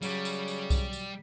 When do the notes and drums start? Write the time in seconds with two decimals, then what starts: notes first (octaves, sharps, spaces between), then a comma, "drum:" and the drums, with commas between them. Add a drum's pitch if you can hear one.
0.03 C#3 F#3 G3, drum: tambourine
0.25 drum: tambourine
0.48 drum: tambourine
0.70 drum: kick B1, tambourine
0.93 drum: tambourine